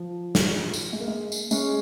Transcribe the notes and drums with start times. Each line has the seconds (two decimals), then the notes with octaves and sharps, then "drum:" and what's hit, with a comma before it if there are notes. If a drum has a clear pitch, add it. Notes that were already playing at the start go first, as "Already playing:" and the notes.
Already playing: F3
0.35 drum: snare
0.74 drum: tambourine
0.93 G#3
1.00 A#3
1.08 G#3
1.32 drum: tambourine
1.51 G#3 C#4, drum: tambourine